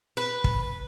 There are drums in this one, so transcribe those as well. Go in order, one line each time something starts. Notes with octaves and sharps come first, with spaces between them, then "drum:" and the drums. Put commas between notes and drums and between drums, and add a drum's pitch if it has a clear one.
B4
drum: kick